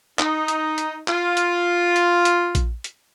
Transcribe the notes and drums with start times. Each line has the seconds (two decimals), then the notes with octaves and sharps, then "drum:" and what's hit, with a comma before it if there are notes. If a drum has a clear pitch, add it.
0.19 D#4, drum: clap
0.48 drum: hi-hat
0.78 drum: hi-hat
1.08 F4, drum: clap
1.37 drum: hi-hat
1.96 drum: hi-hat
2.25 drum: hi-hat
2.55 drum: kick A#1, hi-hat
2.84 drum: hi-hat